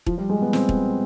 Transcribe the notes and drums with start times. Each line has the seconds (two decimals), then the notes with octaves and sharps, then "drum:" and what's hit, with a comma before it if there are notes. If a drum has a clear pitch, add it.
0.06 F3, drum: kick
0.18 G3
0.30 G#3
0.42 B3
0.53 C4, drum: snare
0.69 drum: kick